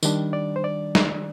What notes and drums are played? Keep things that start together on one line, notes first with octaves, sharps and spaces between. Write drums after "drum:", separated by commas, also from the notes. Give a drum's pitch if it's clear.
D#3 G3 D4, drum: tambourine
D5
C5
D5
drum: snare